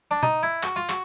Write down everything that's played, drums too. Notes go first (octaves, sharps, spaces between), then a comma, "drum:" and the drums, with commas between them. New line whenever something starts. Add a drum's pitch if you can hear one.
D4
D#4, drum: tom B2
E4
F#4, drum: clap
F4
F#4, drum: clap